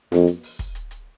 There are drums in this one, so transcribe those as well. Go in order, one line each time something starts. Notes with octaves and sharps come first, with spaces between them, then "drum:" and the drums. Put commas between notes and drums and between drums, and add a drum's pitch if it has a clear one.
F2, drum: snare
drum: hi-hat
drum: open hi-hat
drum: kick, hi-hat
drum: hi-hat
drum: hi-hat